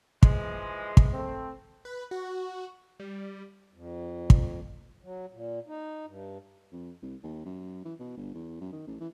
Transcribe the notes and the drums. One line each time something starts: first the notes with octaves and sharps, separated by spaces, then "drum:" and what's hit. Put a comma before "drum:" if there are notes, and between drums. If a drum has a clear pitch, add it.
E3 F3 G#3, drum: kick
drum: kick
A3 C4
B4
F#4
G3
F2
drum: kick
F#3
A#2
D#4
G2
F2
C2
D#2
F#2
E3
B2
G1
E2
F#2
D#3
A1
E3